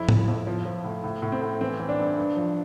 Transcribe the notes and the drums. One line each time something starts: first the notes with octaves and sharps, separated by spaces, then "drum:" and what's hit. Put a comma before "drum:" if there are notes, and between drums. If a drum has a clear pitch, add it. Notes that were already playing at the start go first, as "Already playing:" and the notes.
Already playing: F2 E4
F3, drum: tom A2
F2
F3
F3
A2
A2
A2
C4
A2
E3 C4
E3
D4
G2
G2
F3